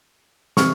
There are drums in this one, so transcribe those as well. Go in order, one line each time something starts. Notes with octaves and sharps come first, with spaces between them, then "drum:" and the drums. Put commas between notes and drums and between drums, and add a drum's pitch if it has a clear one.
C3 E3 C#6 F6, drum: snare